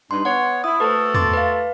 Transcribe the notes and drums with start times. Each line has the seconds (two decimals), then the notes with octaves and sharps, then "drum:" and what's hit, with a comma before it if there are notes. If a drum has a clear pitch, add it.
0.11 G2 D#4 C6
0.25 B3 C#5 F#5
0.64 E4 D#6
0.80 A3 F#4 A4 B4 C5
1.15 C6 D6 A6, drum: tom E2
1.34 B4 F5